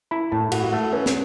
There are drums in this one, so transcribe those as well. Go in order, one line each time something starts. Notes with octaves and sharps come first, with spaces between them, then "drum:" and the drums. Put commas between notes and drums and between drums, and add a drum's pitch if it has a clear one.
E4 B5
A2 A5
A2 F#4, drum: cymbal
F#4
A3 A4
C#4 B4
drum: snare